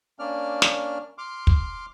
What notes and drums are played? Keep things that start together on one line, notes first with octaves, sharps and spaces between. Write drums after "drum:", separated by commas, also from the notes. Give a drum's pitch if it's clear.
A#3 C#4 D4 D5 F6
drum: snare
C6 D6 F6
drum: kick